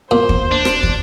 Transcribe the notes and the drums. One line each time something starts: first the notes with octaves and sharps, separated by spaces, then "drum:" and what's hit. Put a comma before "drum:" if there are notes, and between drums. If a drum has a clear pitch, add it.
A#2 C5
drum: kick
D4
drum: rim click
drum: kick